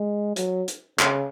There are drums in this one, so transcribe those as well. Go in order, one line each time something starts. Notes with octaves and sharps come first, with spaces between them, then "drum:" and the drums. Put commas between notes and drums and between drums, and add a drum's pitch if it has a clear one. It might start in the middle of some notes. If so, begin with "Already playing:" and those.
Already playing: G#3
F#3, drum: hi-hat
drum: hi-hat
C#3, drum: clap